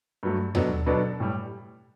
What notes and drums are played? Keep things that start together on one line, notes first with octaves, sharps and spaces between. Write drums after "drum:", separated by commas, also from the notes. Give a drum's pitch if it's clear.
G2 F#3 A3
B2 F#3 B3 D4 A4, drum: tom D#2
B2 F#3 B3 D4 A4
A2 G3